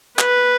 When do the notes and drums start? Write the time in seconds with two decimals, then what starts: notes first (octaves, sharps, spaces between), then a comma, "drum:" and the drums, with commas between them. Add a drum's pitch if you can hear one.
0.19 B4, drum: clap